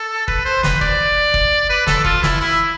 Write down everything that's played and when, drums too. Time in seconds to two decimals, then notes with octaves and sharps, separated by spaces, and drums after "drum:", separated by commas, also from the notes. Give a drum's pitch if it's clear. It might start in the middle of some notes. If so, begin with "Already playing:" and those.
Already playing: A4
0.28 B4, drum: kick
0.45 C5
0.63 B4, drum: snare
0.81 D5, drum: kick
1.34 drum: kick
1.69 B4
1.87 A4, drum: snare
2.04 F4, drum: kick
2.23 E4, drum: snare
2.40 E4